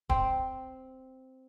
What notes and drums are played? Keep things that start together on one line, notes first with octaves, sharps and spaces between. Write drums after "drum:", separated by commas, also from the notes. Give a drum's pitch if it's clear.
C4, drum: kick D1